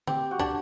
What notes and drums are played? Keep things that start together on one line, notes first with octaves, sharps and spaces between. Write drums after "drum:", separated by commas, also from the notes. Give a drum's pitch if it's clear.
C4 G4, drum: tom D3
F#4
D3 D4, drum: kick